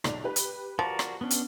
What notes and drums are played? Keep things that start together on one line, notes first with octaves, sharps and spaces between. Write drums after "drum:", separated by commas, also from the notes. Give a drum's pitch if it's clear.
B1 D5 F7, drum: rim click
G4 B4
drum: hi-hat
F3 F#4 A#4 D5
drum: rim click
B3 C#4 D4
drum: hi-hat